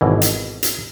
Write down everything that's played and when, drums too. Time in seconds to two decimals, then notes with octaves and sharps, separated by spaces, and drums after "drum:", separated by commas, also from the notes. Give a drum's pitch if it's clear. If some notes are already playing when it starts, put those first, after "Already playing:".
0.01 G#1 B2 E3
0.22 drum: hi-hat
0.63 drum: hi-hat